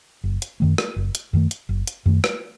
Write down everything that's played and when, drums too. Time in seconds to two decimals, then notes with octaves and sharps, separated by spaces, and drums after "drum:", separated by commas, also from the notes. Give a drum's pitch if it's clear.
0.24 F#1
0.42 drum: hi-hat
0.60 F#2 D#3 A3
0.78 drum: rim click
0.96 F#1
1.15 drum: hi-hat
1.33 F#2 D#3 A3
1.51 drum: hi-hat
1.69 F#1
1.87 drum: hi-hat
2.06 F#2 D#3 A3
2.24 drum: rim click